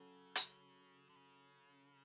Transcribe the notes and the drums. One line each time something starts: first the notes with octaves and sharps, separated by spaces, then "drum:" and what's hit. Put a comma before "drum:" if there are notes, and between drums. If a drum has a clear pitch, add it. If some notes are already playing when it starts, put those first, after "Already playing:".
Already playing: C#3 F#3 C#4 F#4 A4
drum: hi-hat
D3
C#3